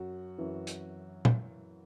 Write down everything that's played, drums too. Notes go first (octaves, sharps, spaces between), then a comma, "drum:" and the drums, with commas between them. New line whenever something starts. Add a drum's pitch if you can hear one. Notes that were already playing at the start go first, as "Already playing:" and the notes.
Already playing: F#2 F#4
F#2 E3
drum: hi-hat
drum: tom A#2